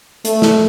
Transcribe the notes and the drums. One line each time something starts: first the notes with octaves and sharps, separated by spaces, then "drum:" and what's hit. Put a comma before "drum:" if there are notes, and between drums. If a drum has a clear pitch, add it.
A3, drum: hi-hat
drum: snare